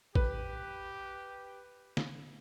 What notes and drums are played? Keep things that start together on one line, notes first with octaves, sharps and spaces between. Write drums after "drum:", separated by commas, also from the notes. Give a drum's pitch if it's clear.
G4 B4, drum: kick
drum: snare